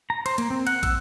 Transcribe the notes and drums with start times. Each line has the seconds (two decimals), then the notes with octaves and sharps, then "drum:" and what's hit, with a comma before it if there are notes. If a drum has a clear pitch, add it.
0.10 A#5
0.26 C5, drum: cymbal
0.38 A#3, drum: cymbal
0.50 C4
0.67 F#5, drum: cymbal
0.83 E6, drum: kick, cymbal